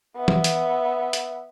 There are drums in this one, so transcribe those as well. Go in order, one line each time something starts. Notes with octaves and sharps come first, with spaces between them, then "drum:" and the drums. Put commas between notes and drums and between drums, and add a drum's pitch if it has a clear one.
B3 E5
drum: tom E3
drum: hi-hat
drum: hi-hat